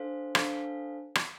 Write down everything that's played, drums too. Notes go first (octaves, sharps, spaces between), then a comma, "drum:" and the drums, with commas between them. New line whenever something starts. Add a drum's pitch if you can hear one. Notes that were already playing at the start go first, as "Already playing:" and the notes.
Already playing: D4 A4 C5 F5
D4 A4 C5 F5, drum: rim click
drum: rim click